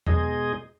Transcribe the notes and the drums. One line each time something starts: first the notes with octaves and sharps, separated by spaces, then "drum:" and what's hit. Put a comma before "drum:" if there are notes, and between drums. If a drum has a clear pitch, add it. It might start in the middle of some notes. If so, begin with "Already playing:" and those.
B2 G#3 D#4 G#4 D#5, drum: tom E2